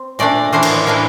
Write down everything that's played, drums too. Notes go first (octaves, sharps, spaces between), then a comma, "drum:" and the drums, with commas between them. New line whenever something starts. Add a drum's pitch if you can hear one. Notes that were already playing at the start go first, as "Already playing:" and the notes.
Already playing: C4
A#2 A3 D4 D5
A2 E3 A#3 D4 C5
drum: cymbal
A2 E3 A#3 D4